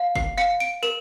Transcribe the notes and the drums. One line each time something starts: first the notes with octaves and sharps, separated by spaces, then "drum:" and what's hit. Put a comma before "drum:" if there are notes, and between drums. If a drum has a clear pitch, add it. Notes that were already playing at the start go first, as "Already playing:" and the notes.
Already playing: F5
C7, drum: kick
F5 C#7
D7
A#4 E7